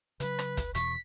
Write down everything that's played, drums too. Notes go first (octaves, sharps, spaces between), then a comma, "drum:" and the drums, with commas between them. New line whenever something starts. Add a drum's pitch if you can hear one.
C#3 F#3 B4, drum: hi-hat
drum: rim click
drum: kick, hi-hat
E2 B2 E3 C#6 B6, drum: hi-hat